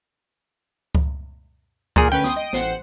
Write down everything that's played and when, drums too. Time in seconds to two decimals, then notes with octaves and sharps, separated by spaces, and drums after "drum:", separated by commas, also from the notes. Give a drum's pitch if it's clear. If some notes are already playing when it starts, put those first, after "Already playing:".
0.95 drum: kick C#2
1.96 A#2 G#4 A#4, drum: kick C#2
2.12 D2 C#4 B4 G5
2.24 C6 D#6, drum: snare B3
2.36 D#5 D7
2.53 A1 C5 F#5, drum: snare B3